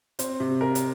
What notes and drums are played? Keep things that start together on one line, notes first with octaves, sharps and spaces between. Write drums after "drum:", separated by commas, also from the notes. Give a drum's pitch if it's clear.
C4, drum: hi-hat
C3
A#4
drum: hi-hat